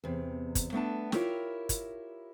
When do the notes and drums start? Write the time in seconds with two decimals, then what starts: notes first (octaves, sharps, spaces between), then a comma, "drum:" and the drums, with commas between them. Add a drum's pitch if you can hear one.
0.04 E2 C3
0.55 drum: kick, hi-hat
0.73 A3 B3 D4 A5
1.12 E4 F4 G4 A#4 C#5, drum: snare
1.69 drum: kick, hi-hat